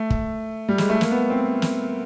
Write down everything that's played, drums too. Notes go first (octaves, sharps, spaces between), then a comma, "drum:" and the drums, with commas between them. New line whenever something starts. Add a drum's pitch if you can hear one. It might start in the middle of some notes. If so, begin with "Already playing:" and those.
Already playing: A3
drum: kick
G3
G#3, drum: snare
A3
A#3, drum: snare
B3
C4
drum: snare